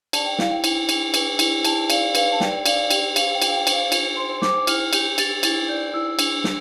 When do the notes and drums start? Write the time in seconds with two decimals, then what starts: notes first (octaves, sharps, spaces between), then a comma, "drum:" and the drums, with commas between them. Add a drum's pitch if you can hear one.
0.13 D5 A5, drum: cymbal
0.26 G5
0.39 E4 F5, drum: snare
0.51 G5
0.64 E4, drum: cymbal
0.89 E4, drum: cymbal
1.14 B4, drum: cymbal
1.39 E4, drum: cymbal
1.65 E4 A5, drum: cymbal
1.90 D5 F5, drum: cymbal
2.15 B4 F5, drum: cymbal
2.32 A5
2.40 D5 G5, drum: snare
2.66 D5 F5, drum: cymbal
2.91 G4 G5, drum: cymbal
3.16 C5 F5, drum: cymbal
3.35 G5
3.42 F4, drum: cymbal
3.48 F5
3.54 G5
3.67 C5, drum: cymbal
3.73 F5
3.92 F4, drum: cymbal
4.17 C5 C6
4.30 C6
4.42 C5 D6, drum: snare
4.67 E4 F6, drum: cymbal
4.93 G4 G6, drum: cymbal
5.18 G4 A6, drum: cymbal
5.43 E4 A6, drum: cymbal
5.69 D5 G6
5.94 E4 E6
6.19 D4, drum: cymbal
6.44 D4, drum: snare